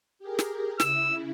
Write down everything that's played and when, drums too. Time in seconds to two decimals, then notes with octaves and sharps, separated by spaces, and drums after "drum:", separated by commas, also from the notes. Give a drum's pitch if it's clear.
0.19 G4 G#4 A#4
0.39 drum: snare
0.80 C#3 E4 E6, drum: snare